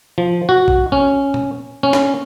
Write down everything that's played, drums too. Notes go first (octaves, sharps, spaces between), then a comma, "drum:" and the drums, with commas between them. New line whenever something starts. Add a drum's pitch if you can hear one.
F3
F#4
drum: kick A#1
C#4
drum: tom A#2
C#4
drum: snare